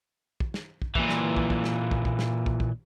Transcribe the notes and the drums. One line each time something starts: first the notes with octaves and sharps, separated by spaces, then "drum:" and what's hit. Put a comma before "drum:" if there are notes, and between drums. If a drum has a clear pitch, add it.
drum: kick
drum: snare
drum: kick
A#2 E3, drum: kick
drum: snare
drum: kick
drum: kick
drum: snare
drum: kick
drum: kick
drum: snare
drum: kick
drum: kick